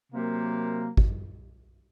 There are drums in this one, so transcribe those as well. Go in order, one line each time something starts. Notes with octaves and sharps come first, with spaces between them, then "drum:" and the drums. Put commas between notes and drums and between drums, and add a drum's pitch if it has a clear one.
C3 F#3 A#3
drum: kick